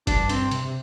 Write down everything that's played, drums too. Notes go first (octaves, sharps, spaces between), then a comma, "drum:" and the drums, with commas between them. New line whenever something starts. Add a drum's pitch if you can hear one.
G2 D4, drum: kick, hi-hat
C4, drum: hi-hat
C3, drum: hi-hat